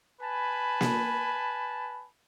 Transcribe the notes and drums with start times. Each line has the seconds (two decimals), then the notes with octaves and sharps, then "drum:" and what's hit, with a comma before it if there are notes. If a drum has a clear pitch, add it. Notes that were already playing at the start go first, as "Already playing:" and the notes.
0.21 B4 G#5 A5 B5
0.81 drum: snare A#3